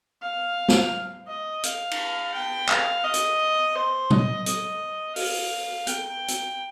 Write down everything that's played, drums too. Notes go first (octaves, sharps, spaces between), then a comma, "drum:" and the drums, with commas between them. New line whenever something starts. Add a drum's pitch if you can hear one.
F5
drum: snare
D#5
F5, drum: hi-hat
drum: cymbal
G5
F5, drum: clap
D#5
drum: hi-hat
C5
D#5, drum: tom A#2
D#5, drum: hi-hat
F5, drum: open hi-hat
G5, drum: hi-hat
drum: hi-hat